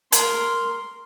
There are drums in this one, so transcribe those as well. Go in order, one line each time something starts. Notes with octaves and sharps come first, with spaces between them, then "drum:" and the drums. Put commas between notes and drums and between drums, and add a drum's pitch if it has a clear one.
A#4 C6, drum: hi-hat